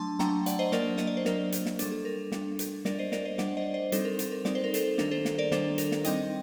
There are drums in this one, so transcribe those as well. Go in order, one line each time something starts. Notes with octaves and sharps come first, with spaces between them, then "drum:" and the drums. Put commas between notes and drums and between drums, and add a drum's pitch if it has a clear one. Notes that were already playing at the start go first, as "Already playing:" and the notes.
Already playing: F#3 A3 D4 A5 C6
F#3 A3 D4 G5 A#5, drum: snare
D5 F#5, drum: hi-hat
C5 D#5
F#3 A#3 D4 A#4 D5, drum: snare
D#5, drum: snare
D5
C5
F#3 A#3 D4 A#4, drum: snare
drum: hi-hat
drum: snare
G3 D4 A4, drum: hi-hat
A4
A#4
G3 D4, drum: snare
drum: hi-hat
G3 D4 A#4 D5, drum: snare
C5 D#5
A#4 D5, drum: snare
C5 D#5
G3 D4 D5 F#5, drum: snare
C5 D#5
C5 D#5
G3 C4 D#4 A4 C5, drum: hi-hat
A#4
A4, drum: hi-hat
A#4
G3 C4 D#4 D5, drum: snare
C5
A#4
A4 C5, drum: hi-hat
D#3 G3 D4 A#4, drum: snare
A4 C5
drum: snare
A#4 D5
D#3 G3 D4 A4 C5, drum: snare
A#4, drum: hi-hat
drum: snare
G3 C4 D#4 D#5 G5, drum: hi-hat